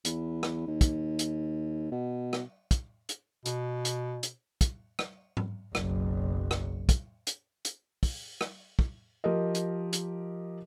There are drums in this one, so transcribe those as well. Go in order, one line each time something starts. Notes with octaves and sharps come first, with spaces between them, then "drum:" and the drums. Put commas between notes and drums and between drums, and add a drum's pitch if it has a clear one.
E2, drum: hi-hat
drum: rim click
D#2
drum: kick, hi-hat
drum: hi-hat
B2
drum: rim click
drum: kick, hi-hat
drum: hi-hat
B2, drum: hi-hat
drum: hi-hat
drum: hi-hat
drum: kick, hi-hat
drum: rim click
drum: tom G#2
F#1 B1, drum: rim click
drum: rim click
drum: kick, hi-hat
drum: hi-hat
drum: hi-hat
drum: kick, open hi-hat
drum: rim click
drum: kick
F3 G4 A#4 D#5
drum: hi-hat
drum: hi-hat